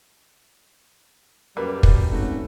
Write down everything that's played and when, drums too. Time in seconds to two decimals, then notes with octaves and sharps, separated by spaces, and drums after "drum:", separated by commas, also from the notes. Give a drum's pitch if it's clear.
1.57 F#2 G3 A#3 B4
1.83 drum: kick
2.11 G#1 A3 C#4 F#4